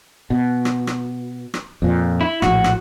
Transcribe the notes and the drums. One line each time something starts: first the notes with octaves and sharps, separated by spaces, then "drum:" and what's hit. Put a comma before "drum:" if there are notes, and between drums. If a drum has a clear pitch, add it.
B2
drum: rim click
drum: rim click
drum: rim click
F2 A#2
E4
A#1 A2 F#4, drum: rim click
drum: rim click